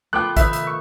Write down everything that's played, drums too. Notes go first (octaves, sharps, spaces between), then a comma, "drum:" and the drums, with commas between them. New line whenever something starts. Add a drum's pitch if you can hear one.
A3 B3 F4 G5 D6 F#6
D#3 D#4 B4 E5, drum: kick, hi-hat
drum: hi-hat
C#6